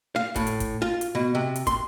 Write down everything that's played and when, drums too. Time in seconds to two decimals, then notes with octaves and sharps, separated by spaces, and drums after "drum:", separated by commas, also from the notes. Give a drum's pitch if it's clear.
0.16 F5
0.36 A2, drum: kick, hi-hat
0.47 drum: hi-hat
0.60 drum: kick, hi-hat
0.82 F4
1.01 drum: hi-hat
1.15 B2
1.35 C3
1.56 drum: hi-hat
1.67 C6, drum: kick, hi-hat